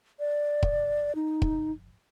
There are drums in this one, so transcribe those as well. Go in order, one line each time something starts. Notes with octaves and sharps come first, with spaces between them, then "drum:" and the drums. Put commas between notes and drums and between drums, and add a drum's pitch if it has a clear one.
D5
drum: kick
D#4
drum: kick